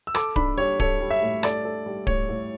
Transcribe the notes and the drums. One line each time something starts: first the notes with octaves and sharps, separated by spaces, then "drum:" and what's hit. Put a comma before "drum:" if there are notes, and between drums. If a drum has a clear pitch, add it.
E6
A4 D6, drum: rim click
D4 B5, drum: kick D1
G3 C#5
A4 C#5, drum: kick D1
G3
E5
A2
A4 D5, drum: rim click
A4
G3
A2 C#5, drum: kick D1
A2